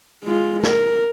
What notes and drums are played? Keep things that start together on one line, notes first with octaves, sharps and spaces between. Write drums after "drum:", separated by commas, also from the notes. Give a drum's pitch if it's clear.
G#3 F4
A#4, drum: snare